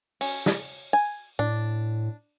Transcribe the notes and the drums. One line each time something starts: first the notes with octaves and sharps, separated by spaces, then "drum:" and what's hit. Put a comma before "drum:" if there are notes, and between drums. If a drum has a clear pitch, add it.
C#4, drum: open hi-hat
drum: snare
G#5
A2 D4